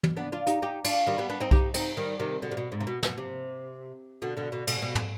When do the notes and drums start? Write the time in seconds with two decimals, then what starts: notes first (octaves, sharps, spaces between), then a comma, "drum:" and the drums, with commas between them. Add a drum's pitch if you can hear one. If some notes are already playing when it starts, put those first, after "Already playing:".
0.03 drum: tom
0.17 B3 D4
0.32 D4 F4
0.47 D#4 G4, drum: hi-hat
0.62 D#4 G4
0.84 D4 F4, drum: cymbal
1.07 D#3 G3
1.18 G3 B3
1.29 B3 D4
1.40 C4 D#4
1.51 D#4 G4, drum: kick B1
1.74 C4 D#4, drum: cymbal
1.97 D#3 G3
2.20 C3 D#3
2.42 B2 D3
2.51 C3
2.57 B2
2.72 G#2
2.80 C3
2.87 B2
3.03 B2, drum: snare
3.18 C3
4.22 B2 D3
4.37 B2 D3
4.52 B2 D3
4.67 B2 D3, drum: cymbal
4.78 C3
4.82 B2
4.95 drum: tom